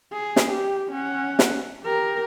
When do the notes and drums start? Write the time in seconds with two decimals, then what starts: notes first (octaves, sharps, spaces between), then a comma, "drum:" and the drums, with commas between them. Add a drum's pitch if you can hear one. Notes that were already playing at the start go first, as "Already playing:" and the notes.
0.12 G#4
0.36 drum: snare
0.50 G4
0.92 C#4 F#5
1.39 drum: snare
1.83 G4 A#4